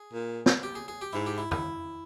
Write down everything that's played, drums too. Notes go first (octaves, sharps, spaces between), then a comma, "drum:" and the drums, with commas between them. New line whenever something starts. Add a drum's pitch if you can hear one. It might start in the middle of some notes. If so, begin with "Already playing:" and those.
Already playing: G#4
A#2
drum: snare
G4
G#4
G#4
G4
G#2 E4
G4
E4
E4, drum: tom F2